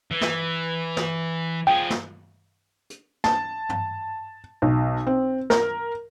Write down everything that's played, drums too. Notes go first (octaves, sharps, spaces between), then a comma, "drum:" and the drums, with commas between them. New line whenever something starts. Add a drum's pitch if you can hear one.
E3
drum: snare
drum: snare
F3 G#4 G5
drum: snare
drum: hi-hat
A5, drum: snare
drum: tom
B1
C4
A#4, drum: snare